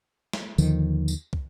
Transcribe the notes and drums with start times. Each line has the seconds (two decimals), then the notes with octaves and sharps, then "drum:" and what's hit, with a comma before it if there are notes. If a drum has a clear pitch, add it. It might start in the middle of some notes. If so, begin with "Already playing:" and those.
0.33 drum: snare
0.58 D#2 D3 D#3 F3, drum: tambourine
1.08 drum: tambourine
1.33 drum: kick